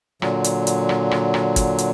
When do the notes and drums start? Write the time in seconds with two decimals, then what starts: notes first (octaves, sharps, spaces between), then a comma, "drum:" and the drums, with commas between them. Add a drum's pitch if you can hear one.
0.22 A#2 D3 F#3, drum: rim click
0.44 drum: hi-hat
0.67 drum: hi-hat
0.89 drum: rim click
1.11 drum: rim click
1.34 drum: rim click
1.56 drum: kick G#1, hi-hat
1.78 drum: hi-hat